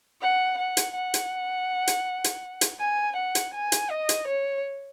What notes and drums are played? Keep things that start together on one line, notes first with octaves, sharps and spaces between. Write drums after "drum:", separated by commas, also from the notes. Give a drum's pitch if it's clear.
F#5
F#5
drum: hi-hat
F#5
drum: hi-hat
drum: hi-hat
drum: hi-hat
drum: hi-hat
G#5
F#5
drum: hi-hat
G#5
drum: hi-hat
D#5
drum: hi-hat
C#5